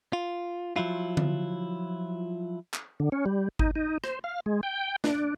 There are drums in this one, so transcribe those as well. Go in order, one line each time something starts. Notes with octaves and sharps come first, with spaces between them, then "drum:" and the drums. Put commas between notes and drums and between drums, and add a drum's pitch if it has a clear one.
F4
F3 F#3 E4 F4
drum: tom D3
drum: clap
D3
C#4
G3
D#4, drum: kick G#1
D#4
C5, drum: rim click
F5
G#3
G5
D4, drum: snare